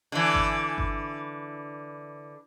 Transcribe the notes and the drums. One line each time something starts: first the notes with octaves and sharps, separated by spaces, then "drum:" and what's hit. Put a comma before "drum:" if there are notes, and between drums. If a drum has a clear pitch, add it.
D3 E3
drum: kick G1
drum: kick G1